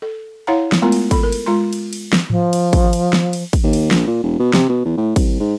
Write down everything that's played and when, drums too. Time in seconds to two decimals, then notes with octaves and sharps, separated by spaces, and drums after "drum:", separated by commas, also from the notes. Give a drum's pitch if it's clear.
0.02 A4
0.47 E4 C#5 F5 F#5 A#5
0.72 drum: snare
0.82 G#3 A3 B3 F4 A#4 A#5
0.92 drum: cymbal
1.11 A4 B5, drum: kick, cymbal
1.23 A#4
1.32 drum: cymbal
1.46 G#3 F4 A#5 C6
1.73 drum: cymbal
1.93 drum: cymbal
2.13 drum: snare
2.30 F3, drum: tom G#2
2.53 drum: cymbal
2.73 drum: kick, cymbal
2.93 drum: cymbal
3.13 drum: snare
3.33 drum: cymbal
3.53 drum: kick, cymbal
3.64 D#2
3.73 drum: cymbal
3.91 A#1, drum: snare
4.07 A#2
4.23 E1
4.39 B2
4.53 C3, drum: snare
4.69 B2
4.85 E2
4.97 A2
5.16 C2, drum: kick, cymbal
5.40 G#2